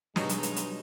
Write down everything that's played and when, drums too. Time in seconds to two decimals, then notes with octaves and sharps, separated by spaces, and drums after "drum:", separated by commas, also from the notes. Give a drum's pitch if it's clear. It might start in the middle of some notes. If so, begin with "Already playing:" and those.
0.16 G2 B2 F#3 G#3 D#4, drum: snare
0.29 drum: hi-hat
0.43 drum: hi-hat
0.56 drum: hi-hat